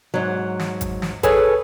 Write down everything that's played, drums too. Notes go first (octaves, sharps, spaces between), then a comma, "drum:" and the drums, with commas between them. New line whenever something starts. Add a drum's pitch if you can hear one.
G#2 F#3
drum: snare
drum: kick G#1, hi-hat
drum: snare
G#4 A4 B4 C#5 G#5, drum: kick G#1, hi-hat